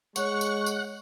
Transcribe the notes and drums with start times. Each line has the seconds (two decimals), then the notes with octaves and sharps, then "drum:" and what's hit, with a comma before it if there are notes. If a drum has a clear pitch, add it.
0.16 G#3 C#5 F#5 C#6 F#6, drum: tambourine
0.41 drum: tambourine
0.66 drum: tambourine